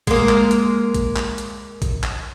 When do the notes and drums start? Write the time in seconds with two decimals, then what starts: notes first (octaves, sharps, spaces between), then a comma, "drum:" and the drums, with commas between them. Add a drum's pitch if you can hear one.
0.07 G#3 A#3, drum: kick A1, hi-hat
0.29 drum: clap
0.51 drum: hi-hat
0.94 drum: kick A1, hi-hat
1.16 drum: clap
1.38 drum: hi-hat
1.82 drum: kick A1, hi-hat
2.04 drum: clap